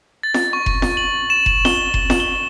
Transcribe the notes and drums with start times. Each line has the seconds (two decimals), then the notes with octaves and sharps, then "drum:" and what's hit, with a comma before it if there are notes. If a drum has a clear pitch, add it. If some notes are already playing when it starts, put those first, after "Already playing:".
0.23 A6
0.34 drum: snare F4
0.53 C#6
0.66 drum: kick F1
0.82 drum: snare F4
0.97 F#7
1.30 E7
1.46 drum: kick F1
1.65 G7, drum: snare F4
1.94 drum: kick F1
2.10 drum: snare F4
2.20 G7